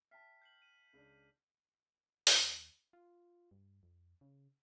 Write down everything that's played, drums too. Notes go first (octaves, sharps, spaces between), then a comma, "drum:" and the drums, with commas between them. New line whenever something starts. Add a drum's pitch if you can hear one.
E5 G5 A5 F6 B6 C7
G6 C7 F#7
D#7
C#2 D4
D#2, drum: open hi-hat
F4
G2
F2
C#3